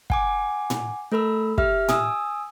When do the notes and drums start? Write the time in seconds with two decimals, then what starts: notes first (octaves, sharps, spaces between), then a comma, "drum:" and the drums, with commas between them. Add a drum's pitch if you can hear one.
0.10 F#5 G#5 D6, drum: kick
0.70 drum: tom A2
1.12 A3 A4 A#4 B5 E6
1.58 G4 E5 F6, drum: kick
1.89 G#5 D#6 E6, drum: tom A2